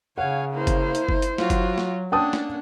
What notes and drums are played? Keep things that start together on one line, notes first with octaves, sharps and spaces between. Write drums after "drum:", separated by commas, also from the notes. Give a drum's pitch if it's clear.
C#3 C#5 F5 F#5 G#5
A#3 E4 C5
drum: kick G1, hi-hat
drum: hi-hat
drum: kick G1
drum: hi-hat
F#3 F4 F#4, drum: snare
drum: kick G1, hi-hat
drum: snare
A#3 C#4 D4 F#5 G5 A5 D#6
drum: snare